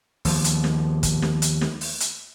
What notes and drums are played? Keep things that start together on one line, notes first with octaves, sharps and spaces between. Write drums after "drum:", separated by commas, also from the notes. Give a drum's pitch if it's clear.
D#2 F3, drum: open hi-hat
drum: hi-hat
drum: snare
drum: kick, hi-hat
drum: snare
drum: hi-hat
drum: snare
drum: open hi-hat
drum: hi-hat